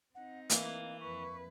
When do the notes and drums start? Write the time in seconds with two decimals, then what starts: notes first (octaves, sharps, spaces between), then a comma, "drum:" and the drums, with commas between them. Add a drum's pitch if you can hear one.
0.15 C4 D#4 F#5
0.50 E3 A#3 F5, drum: hi-hat
1.00 F2 B4 C#6